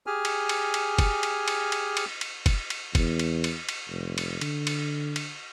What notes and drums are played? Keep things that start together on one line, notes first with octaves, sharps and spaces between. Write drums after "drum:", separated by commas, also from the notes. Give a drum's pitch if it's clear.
G4 G#4 G#5 F6
drum: cymbal
drum: cymbal
drum: cymbal
drum: kick, cymbal
drum: cymbal
drum: cymbal
drum: cymbal
drum: cymbal
drum: cymbal
drum: kick, cymbal
drum: cymbal
E2, drum: kick, cymbal
drum: cymbal
drum: cymbal
drum: cymbal
F1
drum: cymbal
D3, drum: cymbal
drum: cymbal
drum: cymbal